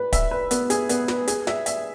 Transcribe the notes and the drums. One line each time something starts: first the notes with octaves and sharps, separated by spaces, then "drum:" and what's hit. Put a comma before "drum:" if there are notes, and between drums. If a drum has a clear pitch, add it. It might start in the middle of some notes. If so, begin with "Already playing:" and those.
Already playing: B4
E5, drum: kick, hi-hat
B4
B3, drum: hi-hat
G#4, drum: hi-hat
B3, drum: hi-hat
B4, drum: snare
G#4, drum: hi-hat
E5, drum: snare
E5, drum: hi-hat